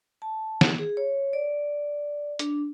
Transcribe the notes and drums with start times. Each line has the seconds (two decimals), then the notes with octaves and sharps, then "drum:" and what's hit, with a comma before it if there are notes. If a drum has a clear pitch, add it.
0.22 A5
0.61 drum: snare
0.79 G#4
0.97 C#5
1.33 D5
2.39 D4, drum: hi-hat